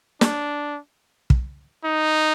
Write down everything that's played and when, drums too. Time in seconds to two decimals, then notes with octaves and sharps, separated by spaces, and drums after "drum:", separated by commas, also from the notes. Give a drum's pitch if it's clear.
0.21 D4, drum: snare
1.30 drum: kick
1.85 D#4